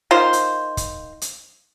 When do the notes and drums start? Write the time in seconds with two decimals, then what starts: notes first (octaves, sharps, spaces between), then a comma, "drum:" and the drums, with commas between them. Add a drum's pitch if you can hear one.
0.11 D#3 F4 C5
0.33 drum: hi-hat
0.77 drum: kick, hi-hat
1.21 drum: hi-hat